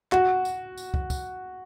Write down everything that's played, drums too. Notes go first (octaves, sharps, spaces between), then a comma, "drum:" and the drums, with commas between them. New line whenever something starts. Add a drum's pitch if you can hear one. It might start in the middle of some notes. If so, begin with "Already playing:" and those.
F#4, drum: clap
drum: tambourine
drum: tambourine
drum: kick
drum: kick, tambourine